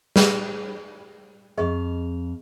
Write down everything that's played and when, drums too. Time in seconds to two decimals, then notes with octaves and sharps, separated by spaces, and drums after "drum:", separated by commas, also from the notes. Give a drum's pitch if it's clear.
0.16 G#4 B4, drum: snare
1.58 F2 G#4 D#5 F5 C#6